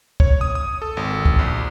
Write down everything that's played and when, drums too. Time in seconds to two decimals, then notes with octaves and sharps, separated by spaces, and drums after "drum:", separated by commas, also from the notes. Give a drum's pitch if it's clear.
0.20 C#5, drum: kick
0.41 D#6
0.55 D#6
0.82 A4
0.97 G#1
1.25 drum: kick
1.39 A#1